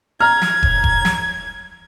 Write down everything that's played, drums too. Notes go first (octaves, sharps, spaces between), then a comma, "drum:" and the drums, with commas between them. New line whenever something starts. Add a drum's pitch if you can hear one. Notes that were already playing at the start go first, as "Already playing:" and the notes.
A#5 F6 G#6
drum: snare
drum: kick
drum: kick
drum: snare